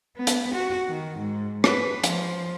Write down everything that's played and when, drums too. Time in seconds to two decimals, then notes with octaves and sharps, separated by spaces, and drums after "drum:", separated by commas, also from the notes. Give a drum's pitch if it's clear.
0.17 B3
0.27 drum: hi-hat
0.54 F#4
0.88 D#3
1.19 G#2
1.64 B4, drum: rim click
2.04 F3, drum: hi-hat